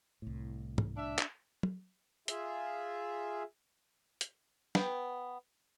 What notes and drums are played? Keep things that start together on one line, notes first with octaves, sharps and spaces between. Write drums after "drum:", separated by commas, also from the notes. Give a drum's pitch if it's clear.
C2 A2
drum: tom
D4 E5
drum: clap
drum: tom
F4 G#4 E5, drum: hi-hat
drum: hi-hat
B3 G5, drum: snare